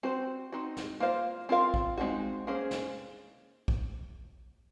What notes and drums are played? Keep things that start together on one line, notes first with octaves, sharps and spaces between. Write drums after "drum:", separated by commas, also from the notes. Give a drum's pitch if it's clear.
C4 F#4 C5
C4 D#4 F#4
drum: snare
A#3 F4 C5 F5
C4 F4 A#4 F5
drum: kick A#1
G#3 C4 D#4 F#4
A#3 C#4 G#4 C5
drum: snare
drum: kick A#1